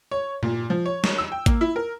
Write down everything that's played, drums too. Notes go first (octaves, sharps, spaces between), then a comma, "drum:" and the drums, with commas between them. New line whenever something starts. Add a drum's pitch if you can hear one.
C#5
A#2, drum: tom G2
F3
C#5
drum: snare
E6
G5
A#3, drum: kick A1, hi-hat
E4
A#4